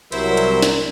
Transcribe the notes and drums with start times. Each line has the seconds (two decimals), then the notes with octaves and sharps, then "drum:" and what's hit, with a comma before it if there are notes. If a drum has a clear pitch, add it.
0.12 C2 F#3 E4 A#4 C5 E5, drum: hi-hat
0.37 drum: hi-hat
0.62 drum: snare